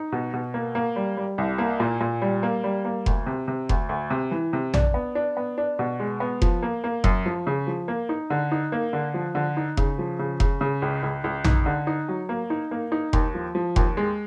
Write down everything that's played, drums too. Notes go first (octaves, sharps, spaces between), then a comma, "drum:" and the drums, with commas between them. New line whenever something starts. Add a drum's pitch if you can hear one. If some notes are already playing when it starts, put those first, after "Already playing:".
Already playing: D#4
B2
B2
A#3
A#3
G3
G3
C2
A#3
A#2
A#2
G3
A#3
G3
A#3
D2, drum: kick F1
C3
C3
D2, drum: kick F1
D2
C3
E3
C3
D4, drum: tom A#1
B3
D4
B3
D4
B2
G#3
B3
F3, drum: kick F1
A#3
A#3
F#2, drum: kick F1
F3
C#3
F3
A#3
D#4
D3
D#4
A#3
D3
F3
D3
D#4
C#3, drum: kick F1
F3
C#3
C#3, drum: kick F1
C#3
C#2
C#2
C#2
D#4, drum: tom A#1
D3
D#4
F#3
A#3
D#4
A#3
D#4
D#2, drum: kick F1
F3
F3
D#2, drum: kick F1
G#3